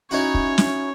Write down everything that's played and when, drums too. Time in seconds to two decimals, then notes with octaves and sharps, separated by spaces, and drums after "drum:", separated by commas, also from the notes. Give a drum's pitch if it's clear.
0.11 C#4 D#4 E4 F#4 C#5
0.34 drum: kick
0.58 drum: snare